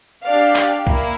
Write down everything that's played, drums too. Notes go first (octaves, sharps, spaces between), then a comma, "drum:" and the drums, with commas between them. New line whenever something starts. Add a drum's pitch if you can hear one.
D4 G4 D5 F5
drum: clap
A#3 E4, drum: kick